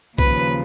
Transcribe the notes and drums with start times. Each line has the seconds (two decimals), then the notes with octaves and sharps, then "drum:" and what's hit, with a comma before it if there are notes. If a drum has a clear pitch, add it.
0.18 D#2 C#3 F3 B4, drum: kick